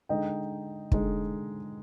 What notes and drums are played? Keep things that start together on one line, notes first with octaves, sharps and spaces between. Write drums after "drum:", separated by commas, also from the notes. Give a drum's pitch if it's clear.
D3 G#3 D#4 D#5 G5
D3 G#3 D#4, drum: kick